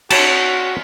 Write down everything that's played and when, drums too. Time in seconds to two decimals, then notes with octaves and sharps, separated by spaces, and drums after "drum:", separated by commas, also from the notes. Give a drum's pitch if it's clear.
0.10 F#4 C#5 A5, drum: cymbal